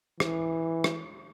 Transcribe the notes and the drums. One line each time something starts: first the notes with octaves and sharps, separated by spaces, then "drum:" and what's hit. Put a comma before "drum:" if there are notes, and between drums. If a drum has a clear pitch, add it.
E3, drum: rim click
drum: rim click